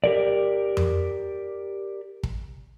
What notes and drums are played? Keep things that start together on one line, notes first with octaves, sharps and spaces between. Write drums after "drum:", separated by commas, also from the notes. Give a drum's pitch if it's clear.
G4 A#4 D5
drum: tom F2
drum: kick